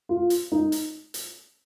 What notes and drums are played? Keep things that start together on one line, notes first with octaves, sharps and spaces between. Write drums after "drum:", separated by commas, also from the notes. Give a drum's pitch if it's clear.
F4
drum: hi-hat
D#4
drum: hi-hat
drum: hi-hat